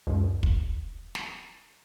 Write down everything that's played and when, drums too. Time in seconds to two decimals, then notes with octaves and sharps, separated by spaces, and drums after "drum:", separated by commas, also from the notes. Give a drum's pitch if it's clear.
0.07 C#2 F#2
0.43 drum: kick
1.15 drum: snare